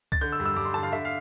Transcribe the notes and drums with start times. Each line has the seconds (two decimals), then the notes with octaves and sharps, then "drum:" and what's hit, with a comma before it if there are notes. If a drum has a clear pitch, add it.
0.12 A6, drum: kick
0.21 D3 G6
0.32 E6
0.40 G2
0.46 E6
0.56 G2 D6
0.65 C6
0.74 D3 A5
0.83 F5
0.92 D3 E5
1.05 F5